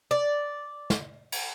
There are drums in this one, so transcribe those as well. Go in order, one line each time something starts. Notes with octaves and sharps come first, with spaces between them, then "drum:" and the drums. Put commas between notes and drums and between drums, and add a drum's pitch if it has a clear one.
D5
drum: snare
drum: cymbal